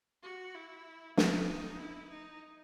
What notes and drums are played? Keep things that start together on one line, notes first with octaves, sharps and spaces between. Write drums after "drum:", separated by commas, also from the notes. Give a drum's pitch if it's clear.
F#4
E4
D#4, drum: snare
D#4
E4
D#4